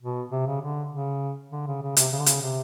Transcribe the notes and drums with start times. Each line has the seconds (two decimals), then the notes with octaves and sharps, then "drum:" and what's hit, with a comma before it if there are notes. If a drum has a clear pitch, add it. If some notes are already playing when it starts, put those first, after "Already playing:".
0.02 B2
0.32 C3
0.47 C#3
0.62 D3
0.91 C#3
1.52 D3
1.67 C#3
1.82 C#3
1.97 C3, drum: hi-hat
2.12 C#3
2.19 D3
2.26 C#3, drum: hi-hat
2.42 C3